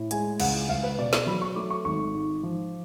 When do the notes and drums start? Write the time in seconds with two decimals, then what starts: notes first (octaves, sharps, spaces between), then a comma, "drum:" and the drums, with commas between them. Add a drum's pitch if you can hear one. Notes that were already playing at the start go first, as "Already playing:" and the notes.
Already playing: A2
0.11 G#3 G#5, drum: hi-hat
0.40 C#2 F#5, drum: cymbal
0.69 C#2 F5
0.83 B4
0.98 B2 D5
1.13 D5, drum: snare
1.27 F#3 B5
1.42 C#6
1.56 A3 D6
1.70 C#6
1.85 G#1 C#6
2.14 G#2
2.43 F3